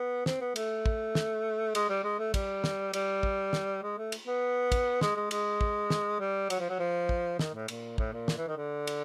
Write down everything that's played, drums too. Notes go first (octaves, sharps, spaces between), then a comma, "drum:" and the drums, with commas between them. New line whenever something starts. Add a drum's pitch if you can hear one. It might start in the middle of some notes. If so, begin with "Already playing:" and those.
Already playing: B3
C4, drum: snare
B3
A3, drum: cymbal
drum: kick
drum: snare
G#3, drum: cymbal
G3
G#3
A3
G3, drum: kick, cymbal
drum: snare
G3, drum: cymbal
drum: kick
drum: snare
G#3
A3
drum: cymbal
B3
drum: kick, cymbal
G#3, drum: snare
G#3
G#3, drum: cymbal
drum: kick
drum: snare
G3
F#3, drum: cymbal
F3
F#3
F3
drum: kick
D#3, drum: snare
A2
A#2, drum: cymbal
A2, drum: kick
A#2
drum: snare
E3
D#3
D3
drum: cymbal